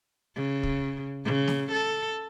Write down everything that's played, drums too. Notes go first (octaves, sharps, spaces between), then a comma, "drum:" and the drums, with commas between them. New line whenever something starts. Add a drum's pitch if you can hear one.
C#3
drum: kick
C#3
drum: snare
A4